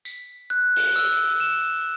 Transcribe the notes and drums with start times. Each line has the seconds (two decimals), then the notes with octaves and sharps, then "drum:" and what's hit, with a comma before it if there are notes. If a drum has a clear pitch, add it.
0.05 B6, drum: tambourine
0.50 F#6
0.76 drum: open hi-hat
0.96 E6
1.40 E7